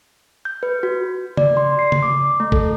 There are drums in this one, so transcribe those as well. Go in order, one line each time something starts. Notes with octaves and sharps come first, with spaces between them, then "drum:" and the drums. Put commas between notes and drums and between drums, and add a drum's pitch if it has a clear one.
G6
B4
F#4
D5, drum: tom C#3
C6
C7
drum: tom C#3
D6
A3
A4, drum: kick G#1